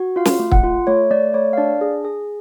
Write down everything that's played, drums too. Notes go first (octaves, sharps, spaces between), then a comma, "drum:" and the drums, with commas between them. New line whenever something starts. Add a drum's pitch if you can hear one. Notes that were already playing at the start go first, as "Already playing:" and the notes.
Already playing: F#4
F4 F5
drum: snare
A3
F#5, drum: kick
F4
A3 C#5
A3 D5
A3 C#5
F5
D4 D5
G#4
G#4